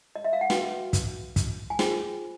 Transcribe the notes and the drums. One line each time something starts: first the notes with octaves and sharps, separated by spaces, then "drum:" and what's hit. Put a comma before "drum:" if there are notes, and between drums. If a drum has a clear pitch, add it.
D#5
E5
F5
F#5
F#4 B4 G5, drum: snare
drum: kick, hi-hat
drum: kick, hi-hat
G#5
F4 G#4 C5 G5, drum: snare